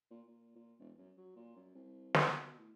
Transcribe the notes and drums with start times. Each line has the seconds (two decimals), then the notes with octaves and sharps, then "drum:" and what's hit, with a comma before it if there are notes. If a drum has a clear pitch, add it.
0.10 A#2
0.27 A#2
0.55 A#2
0.79 E1
0.98 F#2
1.17 F#3
1.36 A#2
1.56 F#2
1.75 C2
2.14 drum: snare
2.34 B2
2.58 A2